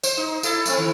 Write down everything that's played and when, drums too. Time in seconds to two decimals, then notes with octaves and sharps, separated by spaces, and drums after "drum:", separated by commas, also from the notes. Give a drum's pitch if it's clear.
0.03 C5, drum: tambourine
0.17 D#4
0.43 E4 A4, drum: tambourine
0.66 A3 A#3 C4, drum: tambourine
0.78 D#3